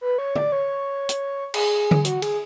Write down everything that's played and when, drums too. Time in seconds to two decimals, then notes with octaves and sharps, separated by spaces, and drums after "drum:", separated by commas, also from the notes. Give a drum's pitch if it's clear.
0.01 B4
0.18 C#5
0.36 D5, drum: tom
0.52 C#5
1.09 drum: hi-hat
1.54 G#4, drum: cymbal
1.91 drum: tom D3
2.05 F#4, drum: hi-hat
2.22 G#4, drum: cymbal